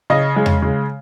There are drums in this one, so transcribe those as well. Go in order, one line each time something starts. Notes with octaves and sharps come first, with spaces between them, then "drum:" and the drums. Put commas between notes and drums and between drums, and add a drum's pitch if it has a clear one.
C#3 D#5
G#3
drum: tom E2
C#3